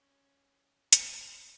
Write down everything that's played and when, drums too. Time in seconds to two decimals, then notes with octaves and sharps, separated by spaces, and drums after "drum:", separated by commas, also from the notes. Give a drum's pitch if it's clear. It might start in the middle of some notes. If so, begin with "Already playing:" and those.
Already playing: C#4
0.93 D4, drum: hi-hat